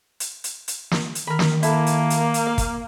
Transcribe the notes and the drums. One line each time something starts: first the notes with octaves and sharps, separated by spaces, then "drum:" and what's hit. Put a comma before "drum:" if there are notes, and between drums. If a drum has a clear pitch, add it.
drum: hi-hat
drum: hi-hat
drum: hi-hat
drum: snare
drum: hi-hat
D#3 A#4 B5
drum: snare
A#3 E4 A4, drum: hi-hat
drum: hi-hat
drum: hi-hat
drum: hi-hat
F5
drum: kick, hi-hat